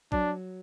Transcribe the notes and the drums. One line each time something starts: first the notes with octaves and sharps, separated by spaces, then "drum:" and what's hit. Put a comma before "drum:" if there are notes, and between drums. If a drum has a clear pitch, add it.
F#3 D4, drum: kick